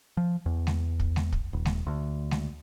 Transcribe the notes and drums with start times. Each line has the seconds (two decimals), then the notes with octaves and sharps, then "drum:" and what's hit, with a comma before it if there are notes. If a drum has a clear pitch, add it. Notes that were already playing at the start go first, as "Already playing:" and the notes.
0.17 F3
0.46 E2
0.67 drum: snare G#3
1.00 drum: kick
1.16 drum: snare G#3
1.33 drum: kick
1.53 D#1
1.65 drum: snare G#3
1.87 D2
2.31 drum: snare G#3